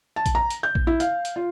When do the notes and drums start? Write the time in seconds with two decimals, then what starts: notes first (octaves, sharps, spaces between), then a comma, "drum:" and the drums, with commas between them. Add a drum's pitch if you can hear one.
0.16 A5
0.26 drum: kick, hi-hat
0.35 A#5
0.50 drum: hi-hat
0.63 G6
0.75 drum: kick
0.87 E4
1.00 F5, drum: hi-hat
1.25 drum: hi-hat
1.36 F4